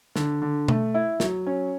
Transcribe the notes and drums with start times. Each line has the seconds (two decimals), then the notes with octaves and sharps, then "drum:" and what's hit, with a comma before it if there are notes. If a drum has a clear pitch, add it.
0.16 D3, drum: snare
0.42 D3
0.68 A3, drum: tom B2
0.94 E4
1.20 F#3, drum: snare
1.47 C#4